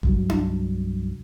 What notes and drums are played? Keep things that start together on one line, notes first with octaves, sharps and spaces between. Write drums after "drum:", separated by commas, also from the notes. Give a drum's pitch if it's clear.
C2 G2 F#3, drum: kick G#1
drum: tom D4